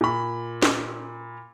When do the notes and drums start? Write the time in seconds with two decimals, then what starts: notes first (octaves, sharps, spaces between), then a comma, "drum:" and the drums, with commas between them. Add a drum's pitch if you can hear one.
0.01 A#2 B5
0.62 drum: snare